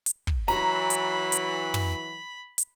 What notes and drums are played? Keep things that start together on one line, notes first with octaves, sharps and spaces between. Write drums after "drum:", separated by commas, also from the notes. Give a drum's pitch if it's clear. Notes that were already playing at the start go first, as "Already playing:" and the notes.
drum: hi-hat
drum: kick
E3 F#3 A#5 B5, drum: snare
drum: hi-hat
drum: hi-hat
drum: tom
drum: hi-hat